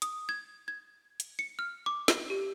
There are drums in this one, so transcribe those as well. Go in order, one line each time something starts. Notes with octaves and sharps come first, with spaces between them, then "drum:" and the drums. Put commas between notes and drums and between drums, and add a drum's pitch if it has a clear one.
D#6, drum: hi-hat
G#6
G#6
drum: hi-hat
C#7
F6
D6
drum: snare
G4